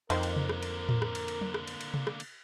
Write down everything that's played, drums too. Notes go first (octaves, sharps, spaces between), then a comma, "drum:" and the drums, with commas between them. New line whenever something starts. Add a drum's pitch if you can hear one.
F2 D3 A#3 D#4 A#4 C5 G5, drum: cymbal
drum: cymbal
drum: tom C3
drum: rim click
drum: cymbal
drum: tom A2
drum: rim click
drum: cymbal
drum: cymbal
drum: tom F#3
drum: rim click
drum: cymbal
drum: cymbal
drum: tom C3
drum: rim click
drum: cymbal